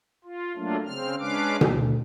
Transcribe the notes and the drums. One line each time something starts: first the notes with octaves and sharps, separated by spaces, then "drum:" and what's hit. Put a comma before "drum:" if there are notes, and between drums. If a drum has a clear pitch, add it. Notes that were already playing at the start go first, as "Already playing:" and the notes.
F4
F#3 A3 A#3 D4 F4
C#3 C4 F6
G#3 C#4 D4 B4 F5 D6
D2, drum: tom B2